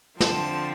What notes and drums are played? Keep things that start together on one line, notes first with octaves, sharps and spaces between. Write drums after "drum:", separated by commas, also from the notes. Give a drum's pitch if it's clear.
D3 F3 C4 A5, drum: snare